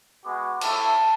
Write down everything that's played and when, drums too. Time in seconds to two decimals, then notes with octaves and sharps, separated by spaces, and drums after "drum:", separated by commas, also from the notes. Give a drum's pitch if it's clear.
0.25 G#3 B3 F#4 D6
0.61 A3 E4 A5, drum: cymbal